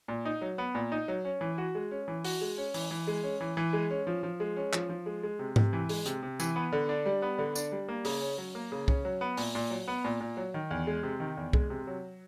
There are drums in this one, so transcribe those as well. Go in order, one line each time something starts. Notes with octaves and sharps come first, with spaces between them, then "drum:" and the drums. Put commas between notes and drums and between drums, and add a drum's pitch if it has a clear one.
A#2
D#4
F#3
B3
A#2
D#4
F#3
C#4
E3
F#4
G#3
C#4
E3
F#4, drum: open hi-hat
G#3
C#4
E3, drum: open hi-hat
E3
G#3
C#4
E3
E3
G#3
C#4
F3
F3
G#3
C#4
F3, drum: clap
F3
G#3
G#3
C3
C3, drum: tom G#2
E3
G#3, drum: open hi-hat
C3, drum: hi-hat
C3
E3, drum: tambourine
B3
D3
D4
G3
B3
D3
D4, drum: tambourine
G3
A#3
C#3, drum: open hi-hat
C#4
F#3
A#3
C#3
C#4, drum: kick C2
F#3
B3
A#2, drum: open hi-hat
A#2
F#3
B3
A#2
A#2
F#3
D#3
E2
G#3
C3
D#3
E2
G#3, drum: kick C2
C3
F#3